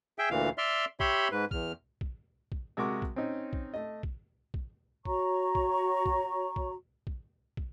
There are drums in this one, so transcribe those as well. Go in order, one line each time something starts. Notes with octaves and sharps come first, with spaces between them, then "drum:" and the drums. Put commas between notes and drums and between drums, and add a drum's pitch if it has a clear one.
G#4 E5 G5
D2 A#2 E3 F5
D5 E5 C6 F6
G4 C#5 E5 B5 C6, drum: kick
G#2 B4
E2 F6, drum: kick
drum: kick
drum: kick
C3 G#3 F#4 A#4 C#6 D6
drum: kick
C4 C#4 D#4
drum: kick
A3 D#5
drum: kick
drum: kick
F#4 C#5 A#5 C#6, drum: kick
drum: kick
drum: kick
drum: kick
drum: kick
drum: kick